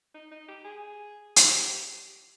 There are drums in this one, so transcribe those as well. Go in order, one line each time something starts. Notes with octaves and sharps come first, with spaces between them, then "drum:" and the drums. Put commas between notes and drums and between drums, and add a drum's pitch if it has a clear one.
D#4
D#4
G4
G#4
drum: hi-hat
G4
G4